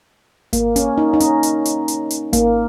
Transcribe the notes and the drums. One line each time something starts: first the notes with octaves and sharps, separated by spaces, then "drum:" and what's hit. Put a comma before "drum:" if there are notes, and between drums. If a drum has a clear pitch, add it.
A#3, drum: kick G#1, hi-hat
C#4, drum: hi-hat
D#4
D#4
C#4, drum: hi-hat
drum: hi-hat
drum: hi-hat
drum: hi-hat
drum: hi-hat
A#3, drum: kick G#1, hi-hat